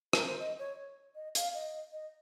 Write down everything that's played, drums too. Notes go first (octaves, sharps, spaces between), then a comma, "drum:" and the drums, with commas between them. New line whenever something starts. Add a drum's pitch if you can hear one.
A#4, drum: rim click
C5
D#5
C#5
D#5
F5, drum: hi-hat
D#5
D#5